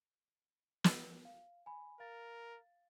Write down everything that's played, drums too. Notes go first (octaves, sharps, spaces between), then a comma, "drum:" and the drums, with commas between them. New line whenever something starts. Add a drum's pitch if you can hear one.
drum: snare
F5
G#5 B5
A#4 F5 A6